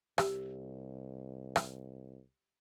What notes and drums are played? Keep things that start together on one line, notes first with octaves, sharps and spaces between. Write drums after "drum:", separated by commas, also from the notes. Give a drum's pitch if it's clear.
C2 G4, drum: rim click
drum: rim click